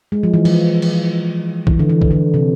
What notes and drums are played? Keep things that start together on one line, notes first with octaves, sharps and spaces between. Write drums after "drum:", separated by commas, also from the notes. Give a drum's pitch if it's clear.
G#3
F3
E3
F3, drum: cymbal
drum: cymbal
E3, drum: kick
D3
E3
drum: kick
D3
C3